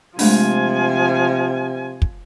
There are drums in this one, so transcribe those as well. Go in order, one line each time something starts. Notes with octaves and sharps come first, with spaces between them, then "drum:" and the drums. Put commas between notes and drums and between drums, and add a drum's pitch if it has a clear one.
C3 F3 G#3 A3 D4 G#5, drum: open hi-hat
drum: kick